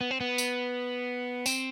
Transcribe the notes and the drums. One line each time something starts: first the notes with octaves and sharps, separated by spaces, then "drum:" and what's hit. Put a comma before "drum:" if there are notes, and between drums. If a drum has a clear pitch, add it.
B3
C4
B3
drum: tambourine
C4, drum: tambourine